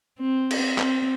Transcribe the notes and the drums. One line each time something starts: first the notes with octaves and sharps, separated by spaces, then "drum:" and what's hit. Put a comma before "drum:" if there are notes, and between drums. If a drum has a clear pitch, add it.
C4
drum: cymbal
C4, drum: clap